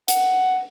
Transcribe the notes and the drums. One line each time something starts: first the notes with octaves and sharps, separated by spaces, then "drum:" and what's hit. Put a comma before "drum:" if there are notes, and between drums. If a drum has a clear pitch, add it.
F#5, drum: hi-hat